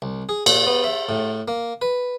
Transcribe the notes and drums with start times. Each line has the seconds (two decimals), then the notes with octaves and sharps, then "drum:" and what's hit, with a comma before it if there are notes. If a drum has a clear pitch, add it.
0.02 C2
0.29 G#4
0.46 A#2, drum: cymbal
0.67 B3
0.84 E5
1.09 A2
1.48 A#3
1.82 B4